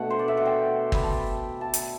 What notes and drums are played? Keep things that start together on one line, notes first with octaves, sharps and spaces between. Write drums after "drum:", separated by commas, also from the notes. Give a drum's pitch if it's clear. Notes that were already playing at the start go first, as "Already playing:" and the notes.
Already playing: B2 A3 D4 F#5
C5
D5
E5
F#5
G5
B5, drum: kick G1
A5
A5
drum: hi-hat